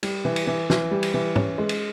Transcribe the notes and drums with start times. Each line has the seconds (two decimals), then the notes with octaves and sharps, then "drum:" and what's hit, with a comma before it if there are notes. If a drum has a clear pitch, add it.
0.03 G3, drum: cymbal
0.25 E3
0.36 drum: cymbal
0.47 E3
0.70 E3, drum: snare
0.91 G3
1.03 drum: cymbal
1.14 E3
1.36 C#4, drum: tom
1.58 G#3
1.69 drum: cymbal